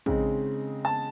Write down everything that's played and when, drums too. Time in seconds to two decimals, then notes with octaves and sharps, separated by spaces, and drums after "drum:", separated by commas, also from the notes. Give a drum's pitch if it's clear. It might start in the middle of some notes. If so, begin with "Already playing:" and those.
0.06 C#3 G#3 C4 D#4, drum: kick
0.85 A5